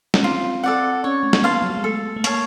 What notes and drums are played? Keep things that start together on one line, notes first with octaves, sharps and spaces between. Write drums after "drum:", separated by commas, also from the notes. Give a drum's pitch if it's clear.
C#4, drum: snare
C4 F4
C4 A4 D5 F#5
C#4 C#5
A3
A#3, drum: snare
B3 F5 A5 C6
F#3
G3
G#3
A3 A4
A3
A#3 C#5 F5 A5, drum: hi-hat